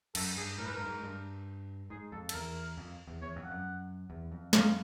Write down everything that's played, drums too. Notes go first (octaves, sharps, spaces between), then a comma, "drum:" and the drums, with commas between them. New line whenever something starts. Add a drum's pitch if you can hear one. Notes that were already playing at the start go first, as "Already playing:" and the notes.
F#2 A4, drum: cymbal
G2 G#4
A2 A#4
G#2 B4
G2 A#4
G#2
G2
G#2 G#4
F2 A4
A4, drum: cymbal
E2 A#4
F2
E2
E2 C#5
F2
F#5
F#2
E2
F2
F#2 F5, drum: snare